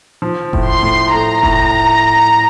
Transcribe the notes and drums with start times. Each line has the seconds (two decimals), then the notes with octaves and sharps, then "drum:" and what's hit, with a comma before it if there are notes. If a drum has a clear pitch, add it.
0.22 F3
0.53 A2, drum: kick F1
0.67 C6
0.83 A2
1.13 A3 A#5
1.43 A2, drum: kick F1